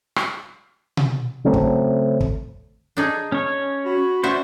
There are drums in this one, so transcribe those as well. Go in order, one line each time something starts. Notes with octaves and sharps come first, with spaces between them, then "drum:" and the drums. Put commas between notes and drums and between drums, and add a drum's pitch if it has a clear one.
drum: rim click
drum: tom B2
C#3 F#3 A3 C4
drum: kick
drum: kick
D4 D#4 G#4
C#4 C#5
F#4 B5
C#4 F#4 C5 D5 E5